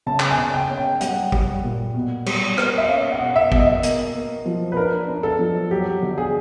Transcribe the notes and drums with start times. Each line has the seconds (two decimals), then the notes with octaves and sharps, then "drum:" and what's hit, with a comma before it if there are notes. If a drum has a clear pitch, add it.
0.06 C#3 A5
0.20 drum: clap
0.30 G#5
0.38 C#3
0.54 G5
0.70 C#4
0.77 G5
1.01 G3 F#5, drum: hi-hat
1.32 G3, drum: kick
1.63 A#2
1.94 B2
2.26 G3, drum: cymbal
2.58 A#3, drum: rim click
2.78 E5
2.89 C#4 F5
3.12 F#5
3.20 B2
3.36 E5
3.52 B2, drum: kick
3.59 D#5
3.83 A#3, drum: hi-hat
4.14 A#3
4.46 F3
4.72 B4
4.77 D4 A#4
5.08 D4
5.23 A4
5.39 F3
5.71 F#3 G4
6.03 D3
6.18 G#4